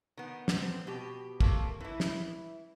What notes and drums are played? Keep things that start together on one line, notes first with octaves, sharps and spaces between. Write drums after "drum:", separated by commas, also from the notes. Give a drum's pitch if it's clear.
D#3 B3
drum: snare
C4
B2 G4
C3 A3 A#3, drum: kick
E3 E4
drum: snare